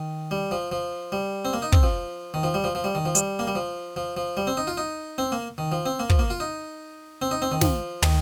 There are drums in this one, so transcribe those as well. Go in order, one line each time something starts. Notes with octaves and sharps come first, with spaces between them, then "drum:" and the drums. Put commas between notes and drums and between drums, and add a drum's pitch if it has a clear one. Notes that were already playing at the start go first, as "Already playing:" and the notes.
Already playing: D#3
G3
F3
F3
G3
C4
A#3
D#4
C4, drum: kick
F3
D#3
F3
G3
F3
F3
G3
D#3
F3
G3, drum: hi-hat
A#3
G3
F3
F3
F3
G3
C4
D#4
F4
D#4
C4
A#3
D#3
F3
C4
A#3
F3, drum: kick
A#3
F4
D#4
C4
D#4
C4
D#3
F3, drum: snare
D#3, drum: tom